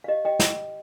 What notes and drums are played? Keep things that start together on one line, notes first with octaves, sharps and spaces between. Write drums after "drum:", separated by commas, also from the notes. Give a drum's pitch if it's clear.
F5
G4 D#5
G4 D#5 G5
drum: snare